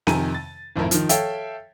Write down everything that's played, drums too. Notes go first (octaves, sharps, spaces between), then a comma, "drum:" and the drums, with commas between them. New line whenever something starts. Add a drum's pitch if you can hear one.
F2 C3 D#3 G#5 A#5 D#7, drum: snare C4
A6
G#1 F2 A2 E4 A#4
D#3 F3, drum: hi-hat
A4 C#5 E5 F5 G5, drum: hi-hat